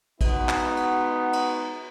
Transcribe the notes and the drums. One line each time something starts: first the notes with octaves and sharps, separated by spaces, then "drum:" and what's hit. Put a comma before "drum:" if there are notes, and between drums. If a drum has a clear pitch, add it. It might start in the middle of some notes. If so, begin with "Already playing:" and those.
G#3 B3 D#4 F#4, drum: kick A1, cymbal
drum: clap
drum: cymbal
drum: cymbal